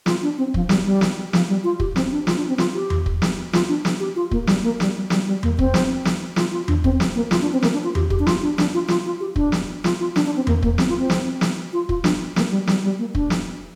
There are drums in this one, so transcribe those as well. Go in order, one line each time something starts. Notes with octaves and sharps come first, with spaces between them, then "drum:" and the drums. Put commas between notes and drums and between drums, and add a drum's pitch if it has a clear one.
F4, drum: snare
D4
C4
F3, drum: kick
G3, drum: snare
G3
drum: snare
F3, drum: snare
G3
F4
G4, drum: kick
C4, drum: snare
D4
F4, drum: snare
D4
C4
F4, drum: snare
G4
drum: tom E2
drum: kick
drum: snare
F4, drum: snare
D4
drum: snare
G4
F4
A#3, drum: kick
G3, drum: snare
A#3
G3, drum: snare
G3
G3, drum: snare
G3
A#3, drum: tom E2
C4, drum: kick
drum: snare
drum: snare
F4, drum: snare
F4
D4, drum: tom E2
C4, drum: kick
drum: snare
A#3
F4, drum: snare
D4
C4
A#3, drum: snare
D4
F4
G4, drum: tom E2
G4, drum: kick
D4
F4, drum: snare
D4
D4, drum: snare
F4
F4, drum: snare
F4
G4
D4, drum: kick
drum: snare
F4, drum: snare
F4
D4, drum: snare
D4
C4
A#3, drum: tom E2
A#3, drum: kick
C4, drum: snare
F4
C4
drum: snare
drum: snare
F4
F4, drum: kick
D4, drum: snare
A#3, drum: snare
G3
G3, drum: snare
G3
A#3
D4, drum: kick
drum: snare